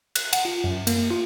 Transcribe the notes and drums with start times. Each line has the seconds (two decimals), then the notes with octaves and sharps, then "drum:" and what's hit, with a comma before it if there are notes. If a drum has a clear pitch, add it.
0.15 F#6, drum: cymbal
0.33 F#5, drum: cymbal
0.45 F4
0.64 F#2
0.87 A#3, drum: cymbal
1.10 F4